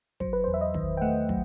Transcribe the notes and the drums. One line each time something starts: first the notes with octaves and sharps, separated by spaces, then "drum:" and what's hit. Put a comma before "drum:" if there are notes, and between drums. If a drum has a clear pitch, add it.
F#3 C5, drum: kick
B4
E2 C5
E5
D#5
D#3, drum: kick
G5
A3 F#5
F#3, drum: kick